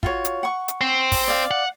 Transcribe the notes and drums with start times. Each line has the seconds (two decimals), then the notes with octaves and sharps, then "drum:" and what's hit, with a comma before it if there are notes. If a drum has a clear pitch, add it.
0.03 F4 F#4 C#5, drum: kick
0.25 drum: hi-hat
0.43 F#5 C#6
0.68 drum: hi-hat
0.81 C4
1.12 drum: kick, open hi-hat
1.28 D5 F5
1.51 F#5